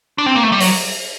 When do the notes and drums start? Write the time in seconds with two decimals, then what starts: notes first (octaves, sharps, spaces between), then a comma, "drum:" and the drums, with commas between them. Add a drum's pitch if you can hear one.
0.18 D4
0.26 C4
0.35 A#3
0.43 A3
0.52 G3
0.60 F#3, drum: open hi-hat